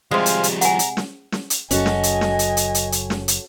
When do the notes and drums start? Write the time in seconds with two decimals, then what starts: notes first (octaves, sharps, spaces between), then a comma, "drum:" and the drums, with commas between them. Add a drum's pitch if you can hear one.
0.11 C3 F3 G3 G#3 C5 F5 G#5
0.26 drum: hi-hat
0.43 drum: hi-hat
0.61 F#5 G#5 A#5, drum: hi-hat
0.79 drum: hi-hat
0.97 drum: snare
1.32 drum: snare
1.50 drum: hi-hat
1.71 F#1 F#2 C#4 F#4 A4 D#5 G#5, drum: hi-hat
1.86 drum: snare
2.03 drum: hi-hat
2.21 drum: snare
2.39 drum: hi-hat
2.57 drum: hi-hat
2.75 drum: hi-hat
2.92 drum: hi-hat
3.10 drum: snare
3.28 drum: hi-hat